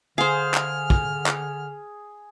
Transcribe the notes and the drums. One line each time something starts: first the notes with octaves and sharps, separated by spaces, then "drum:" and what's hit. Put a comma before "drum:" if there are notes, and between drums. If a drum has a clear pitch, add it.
D3 G#4 C5 F5 F6
drum: clap
drum: kick
drum: clap